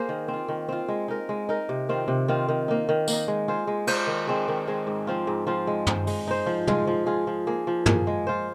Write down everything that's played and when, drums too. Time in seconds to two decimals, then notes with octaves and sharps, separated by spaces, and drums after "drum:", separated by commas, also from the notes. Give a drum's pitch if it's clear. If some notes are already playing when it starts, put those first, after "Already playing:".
Already playing: A#3 G#4 C5
0.09 D#3
0.28 C4
0.34 F4
0.48 D#3
0.69 C4 F4
0.88 G#3
1.08 D#4 A#4
1.29 G#3
1.49 D#4 A#4
1.69 C3
1.89 D#3 C4 F4
2.08 C3
2.28 D#3 C4 F4
2.49 D#3
2.68 A#3 D#4
2.89 D#3
3.08 A#3, drum: tambourine
3.13 D#4
3.28 G#3
3.48 F4 G#4 C5
3.67 G#3
3.87 F4 G#4 C5, drum: cymbal
4.07 D#3
4.27 G#3 C4 G#4
4.48 D#3
4.68 G#3 C4 G#4
4.87 G#2
5.07 F3 C4 F4
5.27 G#2
5.47 F3 C4 F4
5.67 G#3
5.87 D#4 C5, drum: tom
6.07 G#3, drum: open hi-hat
6.27 D#4 C5
6.46 F3
6.67 G#3 F4 G#4, drum: tom
6.87 F3
7.06 G#3 F4 G#4
7.27 F3
7.47 A#3 G#4
7.67 F3
7.86 A#3 G#4, drum: tom
8.07 G#3
8.27 F4 C5